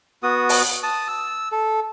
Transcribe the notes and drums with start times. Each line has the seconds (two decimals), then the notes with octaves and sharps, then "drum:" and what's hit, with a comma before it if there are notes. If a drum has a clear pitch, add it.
0.23 B3 F#4 D#6
0.49 drum: open hi-hat
0.83 A5 D#6
1.08 E6
1.52 A4